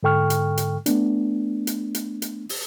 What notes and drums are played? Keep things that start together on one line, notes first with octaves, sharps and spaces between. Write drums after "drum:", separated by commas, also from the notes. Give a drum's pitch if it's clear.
G#2 D3 A4 G5 C#6 F6
drum: hi-hat
drum: hi-hat
A3 B3 D4, drum: hi-hat
drum: hi-hat
drum: hi-hat
drum: hi-hat
drum: open hi-hat